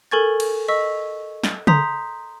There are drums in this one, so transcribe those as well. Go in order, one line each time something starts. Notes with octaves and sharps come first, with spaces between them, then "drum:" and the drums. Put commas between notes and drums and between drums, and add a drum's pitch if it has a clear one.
A4 A#4 G#5 C#6 G#6 A6
drum: cymbal
D#5 C#6 E6 B6
drum: snare
A#5 C6 D#6 G6 B6, drum: tom C#3